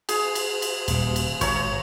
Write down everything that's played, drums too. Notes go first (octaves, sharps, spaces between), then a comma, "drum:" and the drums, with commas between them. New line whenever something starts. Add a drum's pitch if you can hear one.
G#4, drum: cymbal
drum: cymbal
drum: cymbal
D#1 G3, drum: cymbal
drum: cymbal
G#1 C#5 A#5, drum: cymbal